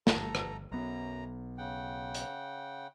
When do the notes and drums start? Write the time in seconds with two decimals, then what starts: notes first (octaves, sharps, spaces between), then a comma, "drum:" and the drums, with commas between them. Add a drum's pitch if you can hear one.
0.07 G1 A4 A#5, drum: snare
0.35 drum: rim click
0.72 B1 F#2 B3 A#5
1.58 C#3 F#5 G5
2.14 drum: hi-hat